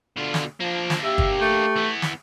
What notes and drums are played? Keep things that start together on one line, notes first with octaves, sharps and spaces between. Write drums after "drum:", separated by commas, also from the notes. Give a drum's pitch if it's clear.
B2 D3 F4
drum: snare
F3 A#3 D4
drum: snare
G4 E5
drum: kick
A3
E3 B3
drum: snare